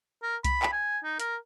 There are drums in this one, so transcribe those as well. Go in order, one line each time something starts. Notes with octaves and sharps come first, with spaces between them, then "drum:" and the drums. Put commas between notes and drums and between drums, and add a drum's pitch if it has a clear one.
A#4
B5, drum: kick C2, hi-hat
drum: clap
G#5
D#4
A#4, drum: hi-hat